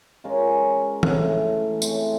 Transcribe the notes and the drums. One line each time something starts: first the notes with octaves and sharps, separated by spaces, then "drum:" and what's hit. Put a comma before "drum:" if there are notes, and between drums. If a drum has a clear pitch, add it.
G#3 C#4 F4 A#4
A2 E3 A3, drum: tom E3
C#3 E3 A3 C4, drum: tambourine